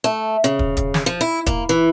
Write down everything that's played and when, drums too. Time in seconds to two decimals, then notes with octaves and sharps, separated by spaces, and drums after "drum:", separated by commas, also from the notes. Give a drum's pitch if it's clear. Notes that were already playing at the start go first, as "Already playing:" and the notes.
0.04 A3
0.44 C#3, drum: hi-hat
0.59 drum: kick
0.77 drum: kick, hi-hat
0.94 drum: snare
1.06 F3
1.21 E4
1.46 A#3, drum: kick, hi-hat
1.69 E3